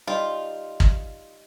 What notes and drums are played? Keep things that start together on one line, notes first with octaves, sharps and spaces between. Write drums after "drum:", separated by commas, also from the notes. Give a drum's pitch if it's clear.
G3 D#4 F4
drum: kick